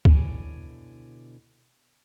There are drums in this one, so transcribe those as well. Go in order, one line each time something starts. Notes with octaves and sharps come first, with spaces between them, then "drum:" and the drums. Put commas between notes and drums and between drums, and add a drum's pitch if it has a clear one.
B2 D3 E4 C#5 D5 G#5, drum: kick C#2